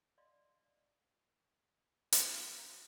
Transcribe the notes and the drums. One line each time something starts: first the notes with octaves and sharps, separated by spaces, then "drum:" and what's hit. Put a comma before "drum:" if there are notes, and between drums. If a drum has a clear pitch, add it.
D5 D#5 F5 C6
drum: hi-hat